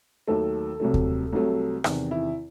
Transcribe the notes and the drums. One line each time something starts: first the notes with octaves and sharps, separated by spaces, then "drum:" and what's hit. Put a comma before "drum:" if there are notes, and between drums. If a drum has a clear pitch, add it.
D#2 D#3 F#3 A3 A4
C2 C3 F#3 A3
drum: kick D#2
C2 C3 F#3 A3
E2 C3 D#3, drum: rim click
E4